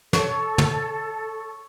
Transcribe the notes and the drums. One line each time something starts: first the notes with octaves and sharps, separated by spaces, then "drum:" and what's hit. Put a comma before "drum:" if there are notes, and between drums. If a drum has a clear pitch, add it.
A4 C#5, drum: snare
drum: tom